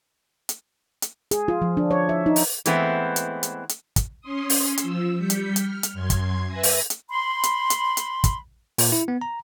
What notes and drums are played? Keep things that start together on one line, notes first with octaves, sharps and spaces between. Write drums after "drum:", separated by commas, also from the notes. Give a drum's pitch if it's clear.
drum: hi-hat
drum: hi-hat
G#4, drum: hi-hat
F4
F3
D4
C#5
E5
D#4
drum: open hi-hat
E3 G#3 A3 B3 C4 E4, drum: hi-hat
drum: hi-hat
drum: hi-hat
drum: hi-hat
drum: kick, hi-hat
C#4 C6 D#6
drum: open hi-hat
F3 E6, drum: hi-hat
G3 G6 B6 C#7
drum: hi-hat
F6, drum: hi-hat
drum: hi-hat
F#2 C6 G#6
drum: kick, hi-hat
B4 E5 G#5 A#6
drum: open hi-hat
drum: hi-hat
B5 C6
drum: hi-hat
drum: hi-hat
drum: hi-hat
drum: kick, hi-hat
A#2, drum: open hi-hat
E4
B3
A#5